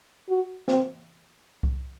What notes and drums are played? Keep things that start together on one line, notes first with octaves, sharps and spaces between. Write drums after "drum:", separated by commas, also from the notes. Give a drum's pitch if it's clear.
F#4
C4, drum: snare
drum: kick C2